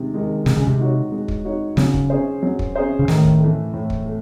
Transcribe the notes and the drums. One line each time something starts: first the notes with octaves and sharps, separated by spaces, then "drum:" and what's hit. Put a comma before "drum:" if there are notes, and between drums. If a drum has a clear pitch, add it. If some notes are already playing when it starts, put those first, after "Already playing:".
Already playing: C3 D#3 G#3
D#3 G#3
C3 G#3, drum: snare
C#3
C3
D#4 F#4 C#5
G#3
drum: kick
D#4 F#4 C#5
C#3 F#3, drum: snare
drum: kick
C#4 G#4 C5
F#3
drum: kick
C#4 G#4 C5
C#3
A2 D#3, drum: snare
drum: kick
E3 A3
A2
drum: kick
A3